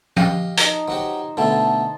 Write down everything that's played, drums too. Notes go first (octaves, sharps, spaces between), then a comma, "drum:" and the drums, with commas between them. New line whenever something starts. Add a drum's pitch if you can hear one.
G4 D#5 F5, drum: tom F3
D#4 A#5, drum: hi-hat
F#3 F#4 G4 C5
B2 D3 A3 A5 C6